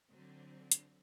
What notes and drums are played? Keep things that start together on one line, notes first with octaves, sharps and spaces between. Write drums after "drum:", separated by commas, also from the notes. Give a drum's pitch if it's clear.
D3 F#3 C4
drum: hi-hat